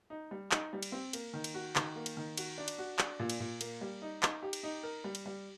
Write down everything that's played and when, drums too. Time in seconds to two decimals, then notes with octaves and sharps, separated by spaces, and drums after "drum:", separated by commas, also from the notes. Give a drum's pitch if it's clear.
0.10 D#4
0.31 G3
0.51 D#4, drum: clap
0.73 G3
0.83 drum: cymbal
0.92 C4
1.13 A#3, drum: cymbal
1.33 D#3
1.44 drum: cymbal
1.54 F#4
1.76 D#3, drum: clap
1.96 A#3
2.06 drum: cymbal
2.17 D#3
2.37 F#4, drum: cymbal
2.58 D4
2.68 drum: cymbal
2.78 F#4
2.99 D4, drum: clap
3.20 A#2
3.30 drum: cymbal
3.40 A#2
3.61 A#3, drum: cymbal
3.81 G3
4.02 D#4
4.23 D#4, drum: clap
4.43 G4
4.53 drum: cymbal
4.63 D#4
4.83 A#4
5.04 G3
5.15 drum: cymbal
5.26 G3